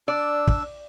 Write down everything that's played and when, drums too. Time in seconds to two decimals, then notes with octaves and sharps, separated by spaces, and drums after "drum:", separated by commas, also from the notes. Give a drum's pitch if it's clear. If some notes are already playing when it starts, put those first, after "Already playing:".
0.08 D4 D5 E6
0.47 drum: kick